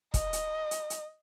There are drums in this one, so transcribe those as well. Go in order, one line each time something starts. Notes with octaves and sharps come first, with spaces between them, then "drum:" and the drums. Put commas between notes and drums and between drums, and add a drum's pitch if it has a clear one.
D#5, drum: kick, hi-hat
drum: hi-hat
drum: hi-hat
drum: hi-hat